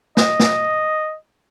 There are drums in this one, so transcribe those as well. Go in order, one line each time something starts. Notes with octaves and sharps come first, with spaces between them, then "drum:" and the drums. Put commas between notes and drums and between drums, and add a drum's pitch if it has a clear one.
D#5, drum: snare
drum: snare